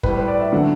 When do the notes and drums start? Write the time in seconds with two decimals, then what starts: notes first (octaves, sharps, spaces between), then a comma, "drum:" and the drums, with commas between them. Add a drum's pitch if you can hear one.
0.03 A2 G3 B4, drum: kick
0.16 C5
0.28 D5
0.40 E5
0.52 D3 F#3 A3 F#5